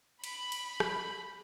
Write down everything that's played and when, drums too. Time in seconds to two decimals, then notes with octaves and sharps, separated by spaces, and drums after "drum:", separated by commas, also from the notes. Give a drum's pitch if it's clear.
0.24 B5, drum: cymbal
0.52 drum: cymbal
0.80 drum: rim click